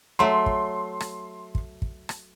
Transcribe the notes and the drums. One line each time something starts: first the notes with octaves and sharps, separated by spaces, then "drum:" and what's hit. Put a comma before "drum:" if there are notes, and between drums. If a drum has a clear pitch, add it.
F#3 A3 C6
drum: kick
drum: rim click
drum: kick
drum: kick
drum: rim click